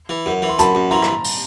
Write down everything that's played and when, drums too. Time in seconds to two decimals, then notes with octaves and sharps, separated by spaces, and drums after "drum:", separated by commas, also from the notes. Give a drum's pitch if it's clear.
0.09 E3
0.26 F#2
0.42 E3
0.49 C6
0.59 F#2 A5 B5, drum: hi-hat
0.75 F#2
0.91 E3 A#5 C6
1.02 drum: rim click
1.24 drum: open hi-hat